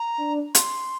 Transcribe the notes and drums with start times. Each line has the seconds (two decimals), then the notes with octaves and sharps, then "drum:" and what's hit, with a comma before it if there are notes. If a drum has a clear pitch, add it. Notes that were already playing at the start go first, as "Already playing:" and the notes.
Already playing: A#5
0.18 D4
0.55 C6, drum: hi-hat